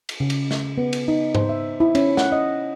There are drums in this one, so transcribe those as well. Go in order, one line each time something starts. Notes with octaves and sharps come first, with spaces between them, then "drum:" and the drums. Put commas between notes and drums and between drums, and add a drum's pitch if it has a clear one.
drum: cymbal
C#3
drum: cymbal
drum: snare
B3
drum: cymbal
D#4
C5, drum: tom G#2
E5
E4
C#4, drum: cymbal
F#5, drum: snare
D#5